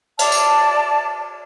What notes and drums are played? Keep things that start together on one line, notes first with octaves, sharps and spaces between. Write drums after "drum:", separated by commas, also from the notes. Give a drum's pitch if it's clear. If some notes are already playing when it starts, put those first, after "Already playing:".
D5 A5, drum: cymbal
drum: tambourine